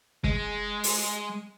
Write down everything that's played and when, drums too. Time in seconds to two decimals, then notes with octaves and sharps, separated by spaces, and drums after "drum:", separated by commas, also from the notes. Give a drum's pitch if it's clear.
0.24 G#3, drum: kick
0.84 drum: open hi-hat